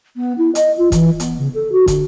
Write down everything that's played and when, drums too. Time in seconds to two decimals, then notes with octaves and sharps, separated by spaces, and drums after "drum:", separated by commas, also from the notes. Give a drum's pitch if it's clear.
0.16 B3
0.38 E4
0.55 D#5, drum: hi-hat
0.77 F4
0.92 E3, drum: kick, hi-hat
1.20 B3, drum: hi-hat
1.38 C#3
1.54 A4
1.72 F#4
1.88 D3, drum: kick, hi-hat